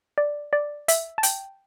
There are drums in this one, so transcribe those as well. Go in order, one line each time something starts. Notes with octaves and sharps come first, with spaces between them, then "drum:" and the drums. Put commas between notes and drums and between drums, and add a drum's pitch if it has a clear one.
D5
D5
E5, drum: hi-hat
A5
G5, drum: hi-hat